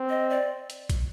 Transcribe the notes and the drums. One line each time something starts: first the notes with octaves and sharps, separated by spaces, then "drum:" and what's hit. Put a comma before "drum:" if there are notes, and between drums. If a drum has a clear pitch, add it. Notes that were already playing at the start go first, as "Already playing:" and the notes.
Already playing: C4
D#5
D5
drum: hi-hat
drum: kick B1, hi-hat